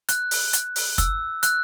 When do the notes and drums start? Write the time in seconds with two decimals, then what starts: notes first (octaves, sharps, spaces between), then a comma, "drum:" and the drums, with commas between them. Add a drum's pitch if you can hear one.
0.09 F#6, drum: hi-hat
0.31 drum: open hi-hat
0.53 drum: hi-hat
0.76 drum: open hi-hat
0.98 E6, drum: kick, hi-hat
1.43 F#6, drum: hi-hat